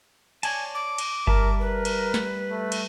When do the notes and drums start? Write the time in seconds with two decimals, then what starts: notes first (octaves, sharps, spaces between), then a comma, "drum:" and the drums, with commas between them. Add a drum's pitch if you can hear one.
0.43 C#5 D5 G#5 A5, drum: cymbal
0.75 D6
0.98 drum: cymbal
1.27 G3 A#4 E5 A5, drum: kick G1
1.61 A#4 B4
1.85 drum: cymbal
2.14 drum: snare
2.49 A3
2.72 drum: cymbal